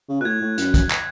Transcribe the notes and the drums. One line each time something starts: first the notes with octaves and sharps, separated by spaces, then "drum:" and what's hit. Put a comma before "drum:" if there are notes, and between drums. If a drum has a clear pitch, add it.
C#3
B2 F#6
A2 G#6
A2
F#2, drum: hi-hat
drum: kick, hi-hat
drum: clap